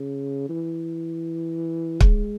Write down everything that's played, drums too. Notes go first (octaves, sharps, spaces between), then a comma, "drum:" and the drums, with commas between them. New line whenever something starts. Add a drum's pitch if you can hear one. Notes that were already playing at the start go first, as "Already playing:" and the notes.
Already playing: C#3
E3
G#3, drum: kick